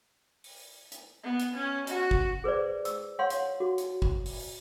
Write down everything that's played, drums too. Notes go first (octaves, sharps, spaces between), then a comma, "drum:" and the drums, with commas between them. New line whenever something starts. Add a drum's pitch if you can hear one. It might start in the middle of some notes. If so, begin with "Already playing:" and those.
drum: open hi-hat
drum: hi-hat
B3
drum: hi-hat
C#4
F#4, drum: hi-hat
drum: kick
G#4 B4 C5 D5
E6, drum: hi-hat
C#5 F5 F#5 C6
drum: hi-hat
F#4
drum: hi-hat
drum: kick
drum: open hi-hat